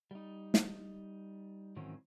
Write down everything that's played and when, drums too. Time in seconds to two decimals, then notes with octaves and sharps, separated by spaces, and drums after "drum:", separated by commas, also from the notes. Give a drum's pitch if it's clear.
0.11 G3 D#4
0.54 drum: snare
1.76 G#2 D#3 E3 F#3 C4 C#4